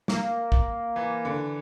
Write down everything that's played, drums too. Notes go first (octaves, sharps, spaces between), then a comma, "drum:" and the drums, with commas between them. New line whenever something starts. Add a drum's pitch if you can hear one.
A#3, drum: snare
drum: kick
E3
D3